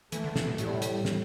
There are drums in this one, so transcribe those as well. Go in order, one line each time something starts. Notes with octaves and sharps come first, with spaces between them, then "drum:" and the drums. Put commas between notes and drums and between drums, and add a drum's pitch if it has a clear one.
E3 A3, drum: hi-hat
D3
C3, drum: snare
B2
A2 G3, drum: hi-hat
drum: hi-hat
drum: snare